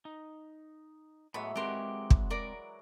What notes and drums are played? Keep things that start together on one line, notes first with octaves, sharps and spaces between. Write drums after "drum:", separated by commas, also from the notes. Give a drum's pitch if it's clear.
D#4
A2 E3 F#3 G#3 B3 B5
G#3 C4 G4 A#4 F#5 C6
drum: kick
A#4 D5 A#5